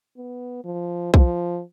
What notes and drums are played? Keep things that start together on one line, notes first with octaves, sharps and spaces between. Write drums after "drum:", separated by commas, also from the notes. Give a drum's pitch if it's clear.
B3
F3
F3, drum: kick B1